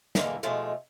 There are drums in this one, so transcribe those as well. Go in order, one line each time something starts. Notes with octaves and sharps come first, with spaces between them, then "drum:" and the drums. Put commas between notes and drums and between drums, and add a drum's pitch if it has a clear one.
A#2 D3 E3 G#3 A#3 D#4, drum: snare
B2 F3 G#3 A3 F4